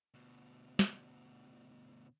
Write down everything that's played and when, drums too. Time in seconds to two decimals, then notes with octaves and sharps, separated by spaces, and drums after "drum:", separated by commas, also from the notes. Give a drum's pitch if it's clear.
0.14 D2 B2
0.79 drum: snare